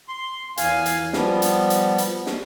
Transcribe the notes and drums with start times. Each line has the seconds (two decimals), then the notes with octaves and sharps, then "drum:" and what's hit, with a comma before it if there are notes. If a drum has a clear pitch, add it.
0.08 C6
0.57 E2 F5 G#5, drum: hi-hat
0.86 drum: hi-hat
1.13 F3 G3 B3, drum: snare
1.42 drum: hi-hat
1.70 drum: hi-hat
1.98 drum: hi-hat
2.26 drum: snare